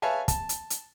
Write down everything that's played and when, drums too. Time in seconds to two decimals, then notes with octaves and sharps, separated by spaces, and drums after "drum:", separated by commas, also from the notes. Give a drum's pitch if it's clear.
0.02 B4 C#5 E5 F5 G#5 A5
0.28 A5, drum: kick, hi-hat
0.49 drum: hi-hat
0.70 drum: hi-hat